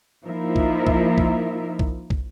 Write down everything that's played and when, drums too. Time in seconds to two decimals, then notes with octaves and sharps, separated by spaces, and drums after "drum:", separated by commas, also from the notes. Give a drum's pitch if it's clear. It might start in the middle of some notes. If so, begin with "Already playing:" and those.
0.25 F3 A#3 D#4 E4 A#4 E5
0.56 drum: kick
0.87 drum: kick
1.18 drum: kick
1.79 drum: kick
2.10 drum: kick